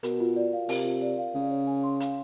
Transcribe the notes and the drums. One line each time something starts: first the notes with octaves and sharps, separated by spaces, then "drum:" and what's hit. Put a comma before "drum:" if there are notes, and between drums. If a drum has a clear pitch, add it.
B2 A#4, drum: hi-hat
F4
D5
F5
C3 A#4, drum: open hi-hat
F4
D5
F5
C#3 F5
C#5
G#5
C6
F5, drum: hi-hat